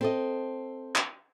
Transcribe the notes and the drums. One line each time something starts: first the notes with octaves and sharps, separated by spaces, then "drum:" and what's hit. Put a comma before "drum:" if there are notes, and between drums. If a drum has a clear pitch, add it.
C4 A4 D#5
drum: clap